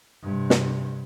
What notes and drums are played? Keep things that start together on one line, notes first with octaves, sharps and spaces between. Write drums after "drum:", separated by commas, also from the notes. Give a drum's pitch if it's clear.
G2 C3
drum: snare